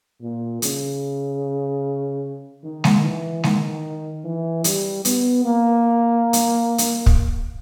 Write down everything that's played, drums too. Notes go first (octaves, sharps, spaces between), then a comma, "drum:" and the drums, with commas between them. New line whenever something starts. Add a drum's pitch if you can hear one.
A#2
C#3, drum: hi-hat
D#3
drum: snare G#3
E3
D#3, drum: snare G#3
E3
G3, drum: hi-hat
B3, drum: hi-hat
A#3
drum: hi-hat
drum: hi-hat
drum: kick